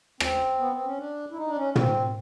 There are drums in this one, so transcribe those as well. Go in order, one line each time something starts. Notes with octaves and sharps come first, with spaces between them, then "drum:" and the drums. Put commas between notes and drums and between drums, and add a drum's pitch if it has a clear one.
C4, drum: rim click
B3
C4
C#4
D4
E4
D#4
D4
C#4
C4, drum: tom